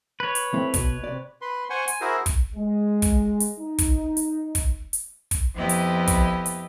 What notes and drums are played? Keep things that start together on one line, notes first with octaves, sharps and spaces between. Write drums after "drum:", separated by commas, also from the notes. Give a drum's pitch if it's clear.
B4 C#5
drum: hi-hat
A3 C4 E4
B2, drum: kick, hi-hat
C3 D5
B4 C6
C5 F#5 G#5 C6 C#6
G#5, drum: hi-hat
E4 F#4 G#4 A#4 C5
drum: kick, hi-hat
G#3
drum: kick, hi-hat
drum: hi-hat
D#4
drum: kick, hi-hat
drum: hi-hat
drum: kick, hi-hat
drum: hi-hat
drum: kick, hi-hat
F2 B3 E4 G4 D#5
drum: hi-hat
drum: kick, hi-hat
drum: hi-hat